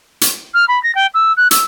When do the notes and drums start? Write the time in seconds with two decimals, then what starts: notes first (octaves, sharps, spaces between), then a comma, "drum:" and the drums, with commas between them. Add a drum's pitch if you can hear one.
0.21 drum: hi-hat
0.54 F6
0.68 B5
0.83 A#6
0.95 G5
1.14 E6
1.37 F#6
1.51 E6, drum: hi-hat